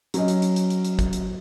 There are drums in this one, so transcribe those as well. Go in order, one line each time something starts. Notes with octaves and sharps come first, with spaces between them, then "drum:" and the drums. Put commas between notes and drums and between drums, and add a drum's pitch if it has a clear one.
F#3 C#4 D#5, drum: hi-hat
drum: hi-hat
drum: hi-hat
drum: hi-hat
drum: hi-hat
drum: hi-hat
drum: kick, hi-hat
drum: hi-hat